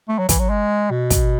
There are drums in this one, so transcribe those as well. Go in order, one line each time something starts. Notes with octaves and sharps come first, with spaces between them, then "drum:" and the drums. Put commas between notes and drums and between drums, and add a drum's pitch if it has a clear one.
A3
F#3
E3, drum: kick, hi-hat
F#3
G#3
B2
drum: kick, hi-hat